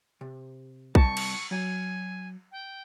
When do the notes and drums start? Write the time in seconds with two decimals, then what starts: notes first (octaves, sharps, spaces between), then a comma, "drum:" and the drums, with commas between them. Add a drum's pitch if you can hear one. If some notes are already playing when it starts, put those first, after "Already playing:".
0.21 C3
0.95 C2 A5 C#6, drum: kick B1
1.17 drum: cymbal
1.51 F#3 G#5
2.52 G5